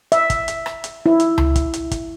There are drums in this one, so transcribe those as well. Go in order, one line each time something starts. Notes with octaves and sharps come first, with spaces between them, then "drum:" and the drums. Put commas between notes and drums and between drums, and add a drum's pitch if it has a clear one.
E5, drum: hi-hat
drum: kick, hi-hat
drum: hi-hat
drum: rim click
drum: hi-hat
E4
drum: hi-hat
drum: tom C#2
drum: kick, hi-hat
drum: hi-hat
drum: kick, hi-hat